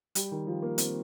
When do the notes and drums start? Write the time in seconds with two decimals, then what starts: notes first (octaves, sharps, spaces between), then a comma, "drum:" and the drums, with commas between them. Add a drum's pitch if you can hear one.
0.15 G3, drum: hi-hat
0.31 D#3
0.47 F3
0.62 A#3
0.78 C4, drum: hi-hat